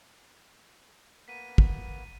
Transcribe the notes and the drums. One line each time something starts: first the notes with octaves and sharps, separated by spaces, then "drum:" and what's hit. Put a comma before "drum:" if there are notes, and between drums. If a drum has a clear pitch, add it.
A#3 B3 B6 D#7
drum: kick